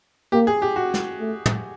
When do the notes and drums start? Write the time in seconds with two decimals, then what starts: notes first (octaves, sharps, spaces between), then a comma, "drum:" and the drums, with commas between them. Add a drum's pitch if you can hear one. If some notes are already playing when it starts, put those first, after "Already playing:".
0.32 A#3 G4
0.47 G#4
0.62 G4
0.76 F#4
0.94 drum: snare
1.20 A3
1.46 drum: tom